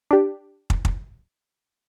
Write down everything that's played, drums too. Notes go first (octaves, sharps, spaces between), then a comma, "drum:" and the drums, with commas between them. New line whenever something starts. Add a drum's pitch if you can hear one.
D4 G4
drum: kick
drum: kick